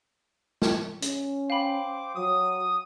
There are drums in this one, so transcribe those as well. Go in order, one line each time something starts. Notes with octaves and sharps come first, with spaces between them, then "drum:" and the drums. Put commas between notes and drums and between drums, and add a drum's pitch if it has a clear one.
drum: snare
C#4, drum: hi-hat
C5 F5 G5 B5 D6
F#3 D#6